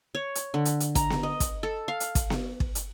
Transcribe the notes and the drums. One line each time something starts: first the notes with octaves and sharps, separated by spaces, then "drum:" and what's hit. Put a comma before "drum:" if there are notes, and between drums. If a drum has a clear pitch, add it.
C#5
drum: hi-hat
D3
drum: hi-hat
drum: hi-hat
A#5, drum: kick, hi-hat
drum: snare B3
D#5
drum: kick, hi-hat
A4
F5
drum: hi-hat
drum: kick, hi-hat
drum: snare B3
drum: kick
drum: hi-hat